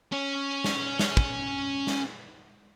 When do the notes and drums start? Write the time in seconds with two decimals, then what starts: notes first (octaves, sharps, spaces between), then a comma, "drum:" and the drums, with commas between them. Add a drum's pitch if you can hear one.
0.12 C#4 C#5
0.64 drum: snare
0.99 drum: snare
1.17 drum: kick
1.87 drum: snare